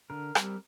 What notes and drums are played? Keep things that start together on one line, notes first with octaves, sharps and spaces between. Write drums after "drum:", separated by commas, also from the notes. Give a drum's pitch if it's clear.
D3 A#4
G3 C4, drum: rim click